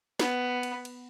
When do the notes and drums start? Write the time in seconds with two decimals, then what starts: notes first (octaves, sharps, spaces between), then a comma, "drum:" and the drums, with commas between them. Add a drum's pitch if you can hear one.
0.20 B3, drum: snare
0.63 drum: cymbal
0.85 drum: cymbal